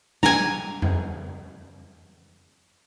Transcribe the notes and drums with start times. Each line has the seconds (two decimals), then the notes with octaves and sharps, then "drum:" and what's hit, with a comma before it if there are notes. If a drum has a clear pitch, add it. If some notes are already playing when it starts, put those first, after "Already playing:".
0.23 G#5 A#5, drum: snare
0.82 drum: tom F2